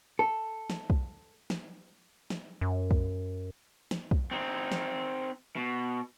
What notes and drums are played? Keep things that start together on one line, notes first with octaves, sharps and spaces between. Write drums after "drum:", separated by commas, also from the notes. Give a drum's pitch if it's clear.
A4
drum: snare
drum: kick
drum: snare
drum: snare
F#2
drum: kick
drum: snare
drum: kick
C4 D#4
drum: snare
B2